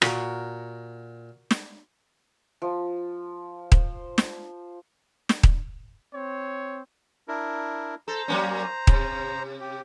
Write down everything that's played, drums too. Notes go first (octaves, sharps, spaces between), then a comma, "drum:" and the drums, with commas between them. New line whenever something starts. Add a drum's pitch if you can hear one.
A#2 F#4 A#4, drum: rim click
drum: snare
F3
C5, drum: kick D#1
drum: snare
drum: snare
drum: kick D#1
C4 C#5
D4 E4 A#4
A4 C5 A#5
F#3 A#3 C#4
C3, drum: kick D#1
G4